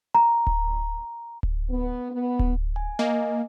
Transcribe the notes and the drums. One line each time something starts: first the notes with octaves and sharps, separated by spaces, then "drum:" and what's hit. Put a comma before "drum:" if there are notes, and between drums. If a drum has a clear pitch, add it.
A#5
drum: kick D1
drum: kick D1
B3
B3
drum: kick D1
G#5
A#3 D#5 G#5